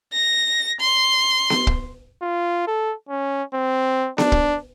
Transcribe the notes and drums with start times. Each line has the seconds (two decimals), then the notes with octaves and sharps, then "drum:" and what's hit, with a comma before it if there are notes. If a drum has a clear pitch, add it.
0.13 A#6
0.80 C6
1.50 drum: snare B3
1.67 drum: kick
2.22 F4
2.67 A4
3.09 C#4
3.54 C4
4.18 D4, drum: snare B3
4.32 drum: kick